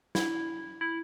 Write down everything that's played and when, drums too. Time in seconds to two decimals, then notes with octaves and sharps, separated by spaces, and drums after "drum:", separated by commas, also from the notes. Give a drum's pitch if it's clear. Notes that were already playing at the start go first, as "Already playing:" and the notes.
0.15 E4, drum: snare
0.81 E4